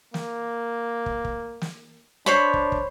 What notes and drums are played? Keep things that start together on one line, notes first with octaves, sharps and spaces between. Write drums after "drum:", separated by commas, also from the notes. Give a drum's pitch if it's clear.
A#3, drum: snare
drum: kick
drum: kick
drum: snare
D4 C5 C#5 B5
drum: kick
drum: kick